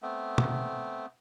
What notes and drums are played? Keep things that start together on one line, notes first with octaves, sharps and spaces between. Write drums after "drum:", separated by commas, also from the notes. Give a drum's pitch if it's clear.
A3 B3 C4
drum: tom